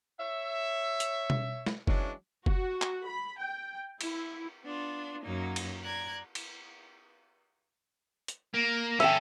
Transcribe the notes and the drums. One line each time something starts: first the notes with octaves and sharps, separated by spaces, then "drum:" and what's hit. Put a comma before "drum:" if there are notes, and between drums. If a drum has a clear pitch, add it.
C#5 E5
drum: hi-hat
drum: tom B2
drum: snare
E3 F#3 G#3 C#4 D4, drum: kick F#1
F#4, drum: kick F#1
drum: clap
B5
G5
E4, drum: cymbal
B3 D4 F4
F#2 F#3 A#3 D#4
drum: cymbal
D5 A#5 F#6 G#6
drum: cymbal
drum: hi-hat
A#3
C#4 A4 E5 G5, drum: rim click